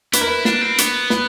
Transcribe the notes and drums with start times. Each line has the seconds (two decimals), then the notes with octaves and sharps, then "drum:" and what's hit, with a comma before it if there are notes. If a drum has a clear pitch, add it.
0.13 E4 B4, drum: hi-hat
0.21 A#4
0.28 B4
0.45 D4, drum: snare
0.62 C4
0.78 B3, drum: hi-hat
1.10 B4, drum: snare